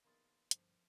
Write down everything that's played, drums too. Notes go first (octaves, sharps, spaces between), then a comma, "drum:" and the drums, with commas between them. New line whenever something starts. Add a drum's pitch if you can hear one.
A#1 D#3 A#3 B3 C6 A6
G2 D3 F3 C5, drum: hi-hat